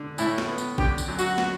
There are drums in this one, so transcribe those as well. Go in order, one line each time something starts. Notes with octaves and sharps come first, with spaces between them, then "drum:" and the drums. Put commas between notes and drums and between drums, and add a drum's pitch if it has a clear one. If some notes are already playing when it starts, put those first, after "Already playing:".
Already playing: D3
A2 E4, drum: tambourine
drum: snare
B3
drum: tambourine
D3 G4, drum: kick
drum: tambourine
F#2
F#4, drum: tambourine
drum: snare